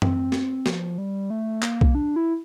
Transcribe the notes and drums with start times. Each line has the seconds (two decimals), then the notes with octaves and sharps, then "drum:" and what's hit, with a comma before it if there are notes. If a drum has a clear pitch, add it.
0.02 C4, drum: tom F#2
0.32 drum: snare
0.66 F3, drum: snare
0.98 G3
1.30 A3
1.62 A#3, drum: clap
1.81 drum: kick B1
1.95 D4
2.16 E4